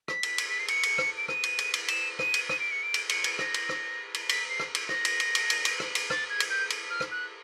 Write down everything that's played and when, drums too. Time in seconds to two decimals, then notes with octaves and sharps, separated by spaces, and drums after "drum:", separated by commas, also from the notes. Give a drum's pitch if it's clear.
0.08 B6, drum: rim click
0.23 drum: cymbal
0.38 drum: cymbal
0.50 B6
0.59 C7
0.68 C#7, drum: cymbal
0.83 drum: cymbal
0.98 drum: rim click
1.18 D7
1.28 D#7, drum: rim click
1.43 drum: cymbal
1.59 drum: cymbal
1.74 drum: cymbal
1.88 E7, drum: cymbal
2.19 D#7, drum: rim click
2.34 drum: cymbal
2.49 D#7, drum: rim click
2.60 D7
2.71 C#7
2.83 D7
2.94 drum: cymbal
3.09 C#7, drum: cymbal
3.24 drum: cymbal
3.39 A#6, drum: rim click
3.54 drum: cymbal
3.69 drum: rim click
4.14 drum: cymbal
4.29 B6, drum: cymbal
4.50 C7
4.60 drum: rim click
4.75 drum: cymbal
4.89 A#6, drum: rim click
5.05 drum: cymbal
5.20 drum: cymbal
5.35 drum: cymbal
5.50 drum: cymbal
5.65 drum: cymbal
5.80 drum: rim click
5.95 drum: cymbal
6.10 A6, drum: rim click
6.30 G#6
6.40 drum: cymbal
6.50 G6
6.70 drum: cymbal
6.90 F6
7.00 drum: rim click
7.11 F#6